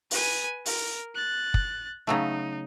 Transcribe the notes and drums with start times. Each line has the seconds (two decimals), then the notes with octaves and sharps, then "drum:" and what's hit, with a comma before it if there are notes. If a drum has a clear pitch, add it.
0.11 B4 G#5, drum: open hi-hat
0.66 A#4, drum: open hi-hat
1.15 F#6 A6
1.54 drum: kick
2.07 C#3 F#3 A3 D#4